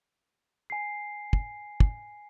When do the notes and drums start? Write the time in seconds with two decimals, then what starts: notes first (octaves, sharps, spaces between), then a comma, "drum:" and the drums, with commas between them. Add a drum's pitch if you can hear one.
0.70 G#5 C7
1.33 drum: kick
1.80 drum: kick